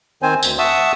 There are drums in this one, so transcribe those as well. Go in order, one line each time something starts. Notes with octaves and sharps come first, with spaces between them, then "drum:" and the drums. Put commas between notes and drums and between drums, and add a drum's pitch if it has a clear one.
D#3 C4 C5 G#5
D2, drum: tambourine
E5 F#5 A5 C#6 D#6 E6